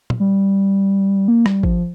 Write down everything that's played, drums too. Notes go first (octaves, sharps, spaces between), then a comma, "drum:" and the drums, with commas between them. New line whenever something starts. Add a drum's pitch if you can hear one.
drum: tom
G3
A#3
G3, drum: rim click
F3, drum: kick